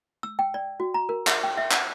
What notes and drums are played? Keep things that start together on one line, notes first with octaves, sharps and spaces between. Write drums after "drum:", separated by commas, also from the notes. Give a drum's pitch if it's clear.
E6
G5
D5
F#4
A#5
A#4
E5, drum: clap
G5
E5
drum: clap